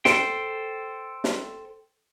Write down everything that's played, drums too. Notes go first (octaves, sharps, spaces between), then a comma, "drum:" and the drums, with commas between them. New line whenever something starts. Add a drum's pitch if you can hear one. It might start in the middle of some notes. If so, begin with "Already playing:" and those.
A4 C5 G5, drum: snare
drum: snare